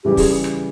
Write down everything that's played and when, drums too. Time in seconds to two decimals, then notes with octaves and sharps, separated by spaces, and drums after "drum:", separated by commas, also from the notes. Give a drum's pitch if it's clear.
0.04 C#3 E3 G3 G4
0.17 G#4, drum: kick, open hi-hat
0.44 drum: rim click